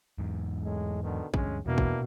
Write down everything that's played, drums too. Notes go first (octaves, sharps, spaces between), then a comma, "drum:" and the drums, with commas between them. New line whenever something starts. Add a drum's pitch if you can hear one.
E2 G#2
A2 G#3
B2 D3 D#3
D2 G2 G#3 C#4, drum: kick
E2 B2 A#3 D4 E4
drum: kick